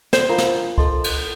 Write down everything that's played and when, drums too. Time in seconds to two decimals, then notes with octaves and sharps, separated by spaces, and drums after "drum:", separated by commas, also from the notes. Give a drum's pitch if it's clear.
0.13 C5, drum: snare
0.29 D4 F4 A#4 F5 A#5
0.38 drum: snare
0.78 A4 D#5 A5 C6, drum: kick
1.04 drum: cymbal